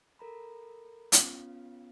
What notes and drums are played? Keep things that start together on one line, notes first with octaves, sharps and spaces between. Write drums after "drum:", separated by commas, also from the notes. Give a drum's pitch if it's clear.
A4 A#4 A#5 B5
B3 C#4 F4 F5, drum: hi-hat